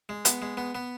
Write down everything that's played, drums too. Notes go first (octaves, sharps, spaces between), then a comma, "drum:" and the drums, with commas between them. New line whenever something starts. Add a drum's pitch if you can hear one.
G#3
B3, drum: hi-hat
G#3
B3
B3